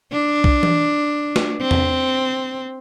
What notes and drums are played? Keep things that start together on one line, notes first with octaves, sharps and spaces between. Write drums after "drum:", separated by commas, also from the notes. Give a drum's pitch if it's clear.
D4
drum: kick B1
drum: tom E3
drum: snare
C4
drum: tom E2